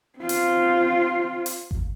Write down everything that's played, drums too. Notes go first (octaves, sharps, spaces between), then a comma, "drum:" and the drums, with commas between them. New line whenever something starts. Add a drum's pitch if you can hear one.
C4 F4
drum: hi-hat
drum: hi-hat
drum: kick G#1